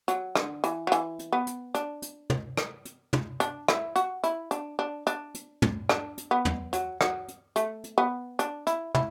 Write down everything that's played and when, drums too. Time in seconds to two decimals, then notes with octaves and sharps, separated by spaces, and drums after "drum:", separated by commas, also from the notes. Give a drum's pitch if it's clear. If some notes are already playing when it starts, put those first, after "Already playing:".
0.08 F#3, drum: hi-hat
0.35 D3, drum: rim click
0.64 E3, drum: hi-hat
0.87 F#3
0.92 E3, drum: hi-hat
1.19 drum: hi-hat
1.33 B3
1.47 drum: hi-hat
1.75 D4, drum: hi-hat
2.02 drum: hi-hat
2.30 drum: tom
2.57 drum: rim click
2.85 drum: hi-hat
3.13 drum: tom
3.40 D4, drum: hi-hat
3.68 E4, drum: rim click
3.96 F#4, drum: hi-hat
4.24 E4, drum: hi-hat
4.51 D4, drum: hi-hat
4.79 D4
5.07 D4, drum: hi-hat
5.34 drum: hi-hat
5.62 drum: tom
5.89 D4, drum: rim click
6.17 drum: hi-hat
6.31 B3
6.45 drum: tom
6.73 F#3, drum: hi-hat
7.01 F#3, drum: rim click
7.28 drum: hi-hat
7.56 A3, drum: hi-hat
7.84 drum: hi-hat
7.98 B3
8.39 D4, drum: hi-hat
8.67 E4, drum: hi-hat
8.95 E4, drum: tom